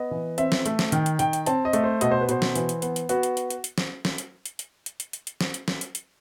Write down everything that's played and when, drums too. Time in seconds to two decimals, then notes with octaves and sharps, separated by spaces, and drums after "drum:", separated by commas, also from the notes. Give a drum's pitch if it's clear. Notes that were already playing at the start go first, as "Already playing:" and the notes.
Already playing: B3 D#5
0.11 E3
0.38 C4 E5, drum: hi-hat
0.52 drum: snare
0.66 A3, drum: hi-hat
0.79 drum: snare
0.92 D#3 G5, drum: hi-hat
1.06 drum: hi-hat
1.19 D#3 G5, drum: hi-hat
1.33 drum: hi-hat
1.46 C4 A5, drum: hi-hat
1.65 D#5
1.73 A3, drum: hi-hat
1.84 C5
2.01 B2 D#5, drum: hi-hat
2.11 C5
2.21 B4
2.29 B2 C5, drum: hi-hat
2.42 drum: snare
2.55 E3, drum: hi-hat
2.69 drum: hi-hat
2.82 B3, drum: hi-hat
2.96 drum: hi-hat
3.09 B3 F#4, drum: hi-hat
3.23 drum: hi-hat
3.37 drum: hi-hat
3.50 drum: hi-hat
3.64 drum: hi-hat
3.78 drum: snare
4.05 drum: snare
4.18 drum: hi-hat
4.46 drum: hi-hat
4.59 drum: hi-hat
4.86 drum: hi-hat
5.00 drum: hi-hat
5.13 drum: hi-hat
5.27 drum: hi-hat
5.41 drum: snare
5.54 drum: hi-hat
5.68 drum: snare
5.81 drum: hi-hat
5.95 drum: hi-hat